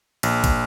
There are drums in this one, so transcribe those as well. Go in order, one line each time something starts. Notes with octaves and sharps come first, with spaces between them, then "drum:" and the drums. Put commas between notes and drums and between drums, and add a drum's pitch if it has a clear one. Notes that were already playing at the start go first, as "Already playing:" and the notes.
A#1, drum: cymbal
drum: kick, cymbal